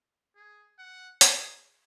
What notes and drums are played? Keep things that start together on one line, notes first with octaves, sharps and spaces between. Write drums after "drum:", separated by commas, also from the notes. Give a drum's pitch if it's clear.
G#4
F#5
G#4, drum: hi-hat